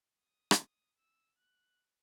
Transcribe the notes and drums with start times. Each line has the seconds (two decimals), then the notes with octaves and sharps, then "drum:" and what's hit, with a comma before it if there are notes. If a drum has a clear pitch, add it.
0.19 D#6
0.51 drum: rim click
0.98 E6
1.38 F#6